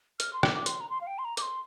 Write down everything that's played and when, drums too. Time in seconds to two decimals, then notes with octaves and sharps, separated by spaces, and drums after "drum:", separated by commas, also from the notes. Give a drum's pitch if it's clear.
0.20 F6, drum: hi-hat
0.33 C6
0.43 D6, drum: rim click
0.54 D6
0.66 C6, drum: hi-hat
0.81 A#5
0.90 C6
1.01 F5
1.07 G5
1.18 C6
1.25 A#5
1.37 D6, drum: hi-hat
1.42 C6